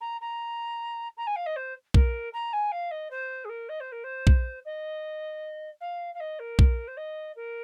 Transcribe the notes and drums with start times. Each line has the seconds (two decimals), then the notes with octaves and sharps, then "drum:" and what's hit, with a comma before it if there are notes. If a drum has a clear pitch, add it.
0.01 A#5
0.21 A#5
1.17 A#5
1.27 G#5
1.36 F5
1.46 D#5
1.56 C5
1.94 A#4, drum: kick
2.33 A#5
2.53 G#5
2.72 F5
2.91 D#5
3.11 C5
3.45 G#4
3.49 A#4
3.69 D#5
3.80 C5
3.92 A#4
4.04 C5
4.27 drum: kick
4.65 D#5
5.81 F5
6.15 F5
6.20 D#5
6.40 A#4
6.59 drum: kick
6.88 C5
6.97 D#5
7.36 A#4